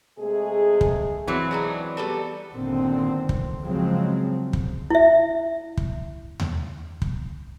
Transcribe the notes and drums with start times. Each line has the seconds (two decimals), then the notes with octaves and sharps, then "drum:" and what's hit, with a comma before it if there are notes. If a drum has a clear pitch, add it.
0.19 C3 G#3 A3 G#4
0.81 drum: kick
1.27 E3 F#3 C4
1.51 G#3 D4 D#4
1.97 G3 B3 A4
2.53 G1 A#2 D3 D#3 C4
3.29 drum: kick
3.62 C#3 F3 F#3 G#3 C4
4.53 drum: kick
4.90 E4 E5
5.77 drum: kick
6.40 drum: tom D#2
7.02 drum: kick